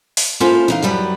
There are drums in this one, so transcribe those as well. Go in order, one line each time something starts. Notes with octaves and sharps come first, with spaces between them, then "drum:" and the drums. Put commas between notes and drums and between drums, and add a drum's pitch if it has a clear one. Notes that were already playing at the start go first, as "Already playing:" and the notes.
drum: open hi-hat
A#3 C#4 E4 F4 A4 C5
E3 D#4 F5
F#2 F#3 G3 B4